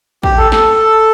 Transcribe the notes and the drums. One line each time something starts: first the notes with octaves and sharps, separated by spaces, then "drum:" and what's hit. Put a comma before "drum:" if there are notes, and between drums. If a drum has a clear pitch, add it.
G4, drum: kick
A4
A4, drum: snare